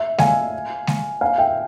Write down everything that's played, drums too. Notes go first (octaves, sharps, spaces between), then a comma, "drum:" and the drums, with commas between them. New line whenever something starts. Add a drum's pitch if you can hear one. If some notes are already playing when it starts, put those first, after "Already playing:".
Already playing: E5
F5 G#5, drum: snare G#3
drum: snare G#3
F5 G#5
E5 G5